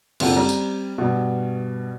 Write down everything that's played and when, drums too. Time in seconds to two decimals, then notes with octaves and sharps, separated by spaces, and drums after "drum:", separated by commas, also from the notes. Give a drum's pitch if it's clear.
0.20 F#1 C4 D4 F4 A4 F#5, drum: cymbal
0.37 G3 C4 A#5
0.49 drum: tambourine
0.98 G2 B2